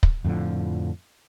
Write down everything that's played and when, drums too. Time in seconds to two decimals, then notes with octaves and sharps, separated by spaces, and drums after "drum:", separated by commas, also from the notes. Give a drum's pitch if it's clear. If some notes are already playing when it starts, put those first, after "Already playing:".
0.03 drum: kick
0.25 F2 A2 D3 F3